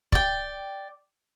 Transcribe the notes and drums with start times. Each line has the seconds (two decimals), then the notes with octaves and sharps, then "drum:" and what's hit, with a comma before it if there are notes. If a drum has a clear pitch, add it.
0.12 D5 G5, drum: kick